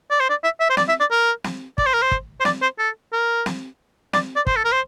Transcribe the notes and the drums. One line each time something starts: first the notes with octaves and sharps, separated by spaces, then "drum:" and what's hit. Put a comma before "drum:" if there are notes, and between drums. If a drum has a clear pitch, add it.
D5
C5
D5
E5
E5
C5
D5, drum: snare
E5
D5
A#4
drum: snare
D5, drum: kick
C5
A#4
C5
drum: kick
C5
D5, drum: snare
C5
A4
A#4
drum: snare
D5, drum: snare
D5
C5, drum: kick
A4
A#4
C5